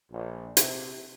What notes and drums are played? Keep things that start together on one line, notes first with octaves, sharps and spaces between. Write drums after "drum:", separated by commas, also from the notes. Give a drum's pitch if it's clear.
A#1
C3, drum: hi-hat